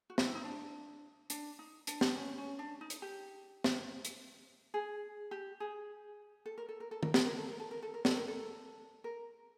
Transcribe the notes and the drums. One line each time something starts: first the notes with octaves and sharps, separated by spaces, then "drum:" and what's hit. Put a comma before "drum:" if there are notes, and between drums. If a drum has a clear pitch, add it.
F#4
F4, drum: snare
E4
D#4
D4
D4, drum: hi-hat
D#4
D4, drum: hi-hat
drum: snare
C#4
C#4
D4
D#4
drum: hi-hat
G4
drum: snare
drum: hi-hat
G#4
G4
G#4
A4
A#4
A4
A#4
A4
A#4, drum: tom
A4, drum: snare
A#4
A4
A#4
A4
A#4
A4
A#4
A4, drum: snare
A#4
A4
A#4